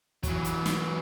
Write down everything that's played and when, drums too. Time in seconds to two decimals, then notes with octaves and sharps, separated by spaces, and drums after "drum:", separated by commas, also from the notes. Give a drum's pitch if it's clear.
0.23 E3 F#3, drum: kick, hi-hat
0.44 drum: hi-hat
0.66 drum: snare